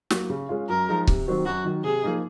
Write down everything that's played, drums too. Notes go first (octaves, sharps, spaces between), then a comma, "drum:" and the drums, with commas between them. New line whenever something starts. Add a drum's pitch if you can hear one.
F#3 A#3, drum: snare
C#3
G#3 C#4 F4
F#2 A#4
F3 G#3 D#4
C3, drum: kick C#1
D#3 F#3 C4 F#4
F#2 F#4
D#3 F#3
C3 G#4
F3 A#3 D#4